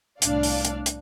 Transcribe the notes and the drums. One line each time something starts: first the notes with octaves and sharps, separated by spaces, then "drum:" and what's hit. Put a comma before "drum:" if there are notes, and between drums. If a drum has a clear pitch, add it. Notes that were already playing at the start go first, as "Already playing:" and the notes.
C2 A2 D4 D5 F5, drum: hi-hat
drum: open hi-hat
drum: hi-hat
drum: hi-hat